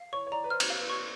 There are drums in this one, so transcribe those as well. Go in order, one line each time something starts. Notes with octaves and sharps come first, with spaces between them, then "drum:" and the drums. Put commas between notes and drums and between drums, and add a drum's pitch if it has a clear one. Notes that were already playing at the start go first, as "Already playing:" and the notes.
Already playing: F5
C#5 C#6
C#5
D5 A#5
B4
C5 F6
drum: cymbal
F5
B4
C#6